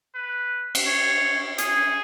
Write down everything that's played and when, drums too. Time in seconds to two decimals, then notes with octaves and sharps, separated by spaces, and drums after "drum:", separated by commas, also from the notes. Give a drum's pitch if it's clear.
0.15 B4
0.75 drum: cymbal
0.87 C#5
1.58 G#4, drum: hi-hat